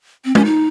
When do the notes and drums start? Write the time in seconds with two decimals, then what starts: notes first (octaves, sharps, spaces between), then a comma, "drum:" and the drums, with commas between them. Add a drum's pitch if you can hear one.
0.25 C4
0.35 C#4, drum: tom
0.45 D#4